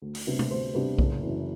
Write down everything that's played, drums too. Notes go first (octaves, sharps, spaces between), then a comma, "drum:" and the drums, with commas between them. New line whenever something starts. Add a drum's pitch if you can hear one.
D2
drum: open hi-hat
C3 G3 B3 D4
drum: tom B2
D2 C5
C3 G3 B3 D4
F#1, drum: kick B1
F#2 E3